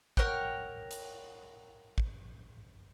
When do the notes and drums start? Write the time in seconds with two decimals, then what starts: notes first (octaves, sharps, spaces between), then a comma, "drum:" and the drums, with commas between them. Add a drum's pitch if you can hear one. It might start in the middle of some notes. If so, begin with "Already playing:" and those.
0.17 A#4 C#5 F#5 G5, drum: kick
0.91 drum: hi-hat
1.98 drum: kick